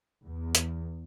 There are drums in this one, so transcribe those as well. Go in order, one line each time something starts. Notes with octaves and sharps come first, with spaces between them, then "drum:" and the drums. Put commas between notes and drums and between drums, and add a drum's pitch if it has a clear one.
E2
drum: hi-hat